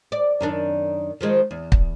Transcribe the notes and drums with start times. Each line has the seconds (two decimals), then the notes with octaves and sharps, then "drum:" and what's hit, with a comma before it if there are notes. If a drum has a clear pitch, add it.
0.12 D5
0.41 F#2 D#3 D4
1.21 D#3 F3 G#3
1.51 E2
1.72 drum: kick